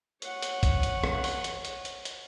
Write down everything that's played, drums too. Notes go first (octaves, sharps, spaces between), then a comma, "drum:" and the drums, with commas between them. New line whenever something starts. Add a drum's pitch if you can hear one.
C#5 F#5, drum: hi-hat
drum: hi-hat
drum: kick A#1, hi-hat
drum: hi-hat
drum: rim click
drum: open hi-hat
drum: hi-hat
drum: hi-hat
drum: hi-hat
drum: hi-hat